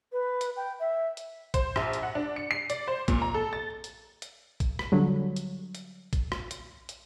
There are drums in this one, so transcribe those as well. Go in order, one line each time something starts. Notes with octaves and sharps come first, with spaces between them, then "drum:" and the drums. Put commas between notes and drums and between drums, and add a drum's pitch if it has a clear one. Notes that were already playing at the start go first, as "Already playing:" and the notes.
B4
drum: hi-hat
G5
E5
drum: hi-hat
C5, drum: kick, hi-hat
A#1, drum: rim click
drum: hi-hat
F#5
D4
C#7
C7
D5, drum: hi-hat
C5
A#2, drum: kick, hi-hat
A#5
A4
A6
drum: hi-hat
drum: hi-hat
drum: kick, hi-hat
drum: rim click
D3 F#3 G3
drum: hi-hat
drum: hi-hat
drum: kick, hi-hat
drum: rim click
drum: hi-hat
drum: hi-hat